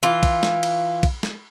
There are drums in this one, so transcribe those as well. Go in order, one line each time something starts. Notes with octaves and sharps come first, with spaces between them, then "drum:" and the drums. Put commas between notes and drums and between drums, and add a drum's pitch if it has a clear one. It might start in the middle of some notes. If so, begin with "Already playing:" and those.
E3 F4
drum: kick, cymbal
drum: snare
drum: cymbal
drum: kick, cymbal
drum: snare